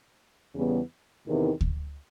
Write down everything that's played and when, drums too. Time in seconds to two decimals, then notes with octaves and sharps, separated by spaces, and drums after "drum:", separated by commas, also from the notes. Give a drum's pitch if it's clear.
0.54 E2 C#3 E3 G3 B3
1.26 E2 C3 D#3
1.61 drum: kick D2